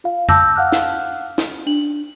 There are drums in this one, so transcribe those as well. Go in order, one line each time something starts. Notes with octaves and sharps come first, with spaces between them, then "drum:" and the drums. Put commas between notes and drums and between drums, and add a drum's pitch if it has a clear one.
F4 F5
A5 D6 E6 G6 A#6, drum: tom F2
F5 F#5 F6 F#6
drum: snare
drum: snare
D4 F#7